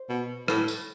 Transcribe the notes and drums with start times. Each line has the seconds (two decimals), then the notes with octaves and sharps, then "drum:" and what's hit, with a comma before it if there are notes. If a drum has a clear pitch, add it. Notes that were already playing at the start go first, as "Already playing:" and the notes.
Already playing: C5
0.09 B2
0.48 A2, drum: rim click
0.68 drum: tambourine